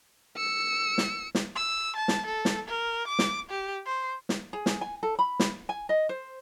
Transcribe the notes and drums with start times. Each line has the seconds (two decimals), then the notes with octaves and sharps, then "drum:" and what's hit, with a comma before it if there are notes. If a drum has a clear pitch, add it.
0.37 E6 C#7
0.98 drum: snare
1.35 drum: snare
1.56 E6
1.96 A5
2.08 drum: snare
2.26 A4
2.45 drum: snare
2.68 A#4
3.07 D6
3.19 drum: snare
3.50 G4
3.86 C5
4.29 drum: snare
4.53 G#4
4.66 drum: snare
4.81 G#5
5.03 A4
5.19 B5
5.40 drum: snare
5.69 G#5
5.89 D#5
6.09 C5